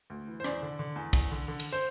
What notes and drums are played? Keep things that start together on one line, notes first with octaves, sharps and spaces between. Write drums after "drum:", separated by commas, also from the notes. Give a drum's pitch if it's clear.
D2
E3
C5
E2 D5, drum: rim click
D3
D3
E2
E2, drum: kick, cymbal
D3
D3
drum: cymbal
C5